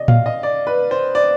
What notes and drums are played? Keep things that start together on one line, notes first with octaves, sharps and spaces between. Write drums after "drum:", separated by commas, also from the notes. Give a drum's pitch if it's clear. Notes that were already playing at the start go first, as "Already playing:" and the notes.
Already playing: C3 D5 D#5
F5, drum: tom A2
D#5
D5
B4
C5
D5